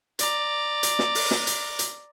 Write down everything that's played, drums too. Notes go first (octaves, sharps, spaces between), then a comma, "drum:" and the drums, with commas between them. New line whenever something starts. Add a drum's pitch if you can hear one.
D5 A#5, drum: hi-hat
drum: hi-hat
drum: snare
drum: open hi-hat
drum: snare
drum: hi-hat
drum: hi-hat